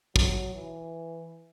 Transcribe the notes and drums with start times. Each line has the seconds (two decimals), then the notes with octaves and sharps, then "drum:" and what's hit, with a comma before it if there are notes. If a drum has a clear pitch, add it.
0.16 F#3, drum: kick
0.55 E3